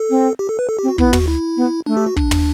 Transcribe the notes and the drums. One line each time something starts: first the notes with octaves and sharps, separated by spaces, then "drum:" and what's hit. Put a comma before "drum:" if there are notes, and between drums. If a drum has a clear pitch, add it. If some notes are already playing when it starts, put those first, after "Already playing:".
Already playing: A4
C4
G4
A4
B4
A4
G4
C4
F#4
B3 E4, drum: kick
F#4, drum: tom
E4
B3
A3 D4
G4
F#4
D4, drum: kick
drum: tom